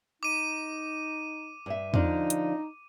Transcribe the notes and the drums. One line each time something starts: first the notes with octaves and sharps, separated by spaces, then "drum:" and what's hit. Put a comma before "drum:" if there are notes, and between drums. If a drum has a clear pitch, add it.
D#4 D6 D#7
G2 E5
D3 F3 D4 D#4, drum: tom E2
drum: hi-hat